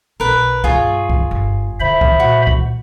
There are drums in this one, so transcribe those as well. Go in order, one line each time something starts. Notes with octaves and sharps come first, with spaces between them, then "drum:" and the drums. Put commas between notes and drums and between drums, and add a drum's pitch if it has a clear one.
B1 A#4 B4
G2 F4 G#4 C#5, drum: kick C2
drum: kick C2
G1
D3 C5 E5 B5
drum: kick C2
A#2 F#4
drum: kick C2